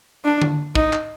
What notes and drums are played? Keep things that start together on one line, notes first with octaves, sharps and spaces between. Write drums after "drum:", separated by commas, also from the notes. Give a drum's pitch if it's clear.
D4
drum: tom D3
D#4, drum: kick
drum: clap